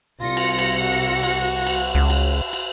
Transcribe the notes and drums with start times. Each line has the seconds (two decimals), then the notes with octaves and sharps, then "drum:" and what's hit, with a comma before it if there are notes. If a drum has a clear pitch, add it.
0.21 C2 F4 A#6 C#7
0.37 drum: cymbal
0.59 drum: cymbal
0.80 F#4
1.23 drum: cymbal
1.67 drum: cymbal
1.95 C#2
2.10 drum: cymbal
2.53 drum: cymbal